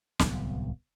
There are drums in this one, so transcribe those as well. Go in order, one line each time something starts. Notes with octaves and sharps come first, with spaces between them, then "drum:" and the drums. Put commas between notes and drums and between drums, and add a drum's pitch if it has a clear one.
D1 C2 F#3 B3, drum: snare